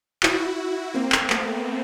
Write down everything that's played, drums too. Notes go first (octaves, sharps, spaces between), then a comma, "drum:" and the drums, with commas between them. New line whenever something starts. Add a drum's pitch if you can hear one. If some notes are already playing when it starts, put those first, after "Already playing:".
E4 F#4, drum: clap
A#3 C4
drum: clap
A3 B3, drum: clap